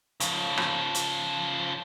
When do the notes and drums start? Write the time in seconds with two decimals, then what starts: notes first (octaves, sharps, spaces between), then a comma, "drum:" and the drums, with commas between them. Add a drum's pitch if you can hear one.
0.20 C#3 F3, drum: hi-hat
0.57 drum: rim click
0.95 drum: hi-hat